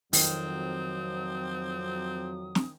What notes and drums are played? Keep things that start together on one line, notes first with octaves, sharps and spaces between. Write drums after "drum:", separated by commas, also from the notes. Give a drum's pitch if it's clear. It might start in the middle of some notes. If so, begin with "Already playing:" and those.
F2 D#3 F#3 C4 D#6, drum: open hi-hat
drum: snare